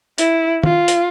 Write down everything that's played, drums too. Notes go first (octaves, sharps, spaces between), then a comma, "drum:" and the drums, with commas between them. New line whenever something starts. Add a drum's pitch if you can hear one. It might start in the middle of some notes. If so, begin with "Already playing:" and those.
E4, drum: hi-hat
F4, drum: tom
drum: hi-hat